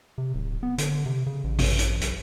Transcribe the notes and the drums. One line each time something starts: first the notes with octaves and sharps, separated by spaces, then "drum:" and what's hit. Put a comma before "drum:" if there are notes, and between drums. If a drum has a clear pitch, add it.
C3
D1
B3
D3, drum: hi-hat
C3
C#3
A1
drum: kick G#1, open hi-hat
drum: hi-hat
B1, drum: hi-hat